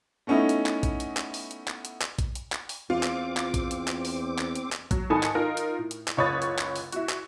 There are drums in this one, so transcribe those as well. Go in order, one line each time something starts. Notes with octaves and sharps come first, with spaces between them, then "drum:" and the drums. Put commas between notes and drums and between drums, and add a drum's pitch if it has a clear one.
A3 B3 C#4 D#4 E4
drum: hi-hat
drum: clap
drum: kick A#1, hi-hat
drum: hi-hat
drum: clap
drum: open hi-hat
drum: hi-hat
drum: clap
drum: hi-hat
drum: clap
drum: kick A#1, hi-hat
drum: hi-hat
drum: clap
drum: open hi-hat
E2 C4 F4 D6
drum: clap
drum: clap
drum: kick A#1, hi-hat
drum: hi-hat
drum: clap
drum: open hi-hat
drum: clap
drum: hi-hat
drum: clap
F#3, drum: kick A#1, hi-hat
G#2 D#3 A4 G#5 B5 D#6
drum: clap
D#4 F4 A#4
drum: hi-hat
A2
drum: hi-hat
drum: clap
F#1 C#2 C#5 B5 D#6 A6
drum: hi-hat
drum: clap
drum: open hi-hat
E4 F#4, drum: hi-hat
drum: clap